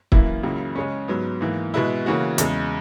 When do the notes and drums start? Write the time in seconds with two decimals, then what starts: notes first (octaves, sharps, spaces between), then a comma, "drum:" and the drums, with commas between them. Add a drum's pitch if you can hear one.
0.12 F#2 E3 A#3 E4, drum: kick
0.43 C#2 C#3 F#3 A#3 E4
0.76 C#3 G#3 C#4
1.08 G#2 F#3 B3
1.41 G#2 E3 A#3
1.74 B2 G#3 B3 E4
2.06 C#3 E3 A#3 C#4 F#4
2.38 E2 C#3 G#3, drum: hi-hat